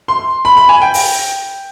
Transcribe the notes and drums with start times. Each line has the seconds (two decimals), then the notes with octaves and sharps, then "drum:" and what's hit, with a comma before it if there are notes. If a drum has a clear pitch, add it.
0.08 C6
0.45 B5
0.57 B5
0.69 G#5
0.82 G5
0.94 drum: open hi-hat